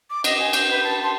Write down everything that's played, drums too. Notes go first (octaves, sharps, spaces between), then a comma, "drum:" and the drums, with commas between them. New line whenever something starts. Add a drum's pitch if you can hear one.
D6
D#5, drum: cymbal
G#5
G6, drum: cymbal
B4
A5
C6